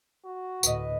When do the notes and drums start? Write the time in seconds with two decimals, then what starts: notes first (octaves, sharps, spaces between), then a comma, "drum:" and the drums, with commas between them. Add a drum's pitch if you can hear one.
0.25 F#4
0.63 D2 A2 B4 D#5, drum: tambourine